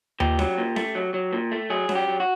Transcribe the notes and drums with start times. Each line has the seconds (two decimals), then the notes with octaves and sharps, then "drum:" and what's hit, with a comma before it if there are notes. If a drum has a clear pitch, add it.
0.20 A#2 G4, drum: tom D#2
0.39 F#3, drum: snare C#4
0.58 A#2
0.76 A3, drum: snare C#4
0.95 F#3
1.14 F#3
1.33 A#2
1.51 A3
1.70 F#3 G#4
1.89 F#3, drum: snare C#4
1.95 G4
2.08 F#3
2.20 F#4